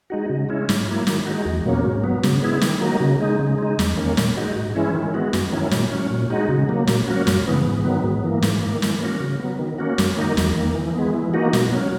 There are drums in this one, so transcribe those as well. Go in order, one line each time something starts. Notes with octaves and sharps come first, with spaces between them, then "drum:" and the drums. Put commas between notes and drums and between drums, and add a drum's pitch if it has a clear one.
G#3 D#4 F#4
C#3
G#3 C#4 E4
G#2, drum: snare
F#3 A#3 E4
D#3, drum: snare
G#3 D#4 F#4
E2
B2 F#3 A#3 C#4
G#2
F#3 B3
C#3, drum: snare
G#3 B3 E4
D#3, drum: snare
F#3 A#3 D#4 F#4
C#3
G#3 D#4
C#3
G#3 D#4
E2, drum: snare
D#3 A#3 C#4
A#2, drum: snare
G#3 D#4 F#4
G#2
E3 G#3 C#4 E4
D#3
G#3 B3 F#4
F#2, drum: snare
D#3 F#3 C#4 E4
A#2, drum: snare
F#3 C#4
A#2
G#3 D#4 F#4
C#3
F#3 A#3
A#2, drum: snare
F#3 A#3 C#4 F#4
F#2, drum: snare
C#3 E3 B3
G#2
D#3 F#3 B3
G#2
E3 A#3
G#2, drum: snare
D#3 A#3
E3, drum: snare
A#3 C#4 F#4
C#3
F#3 B3
D#3
A#3 C#4 F#4
F#2, drum: snare
D#3 A#3 D#4 F#4
E2, drum: snare
D#3 A#3
E3
G#3 B3
E3
A#3 D#4 F#4
B2, drum: snare
F#3 C#4